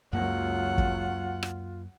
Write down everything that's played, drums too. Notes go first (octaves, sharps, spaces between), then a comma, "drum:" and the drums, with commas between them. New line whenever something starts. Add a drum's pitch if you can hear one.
C#2 F#2 F#3 A#3 F4 F#5
drum: kick
drum: rim click